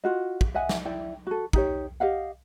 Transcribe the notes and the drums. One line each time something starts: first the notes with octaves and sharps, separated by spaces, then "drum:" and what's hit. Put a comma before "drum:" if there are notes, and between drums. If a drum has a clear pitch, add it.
F4 F#4 D#5
drum: kick
D#5 E5 F#5 G#5
drum: snare
E4 D5 G5
F#4 A4
D#4 G4 C#5, drum: kick
G4 D#5 F5 F#5